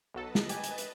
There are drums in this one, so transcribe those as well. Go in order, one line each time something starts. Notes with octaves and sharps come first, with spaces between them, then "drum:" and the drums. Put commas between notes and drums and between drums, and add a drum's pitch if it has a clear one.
B1 F#3 A4 B4 D#5 A5
drum: snare
G4 G#5, drum: hi-hat
drum: hi-hat
drum: hi-hat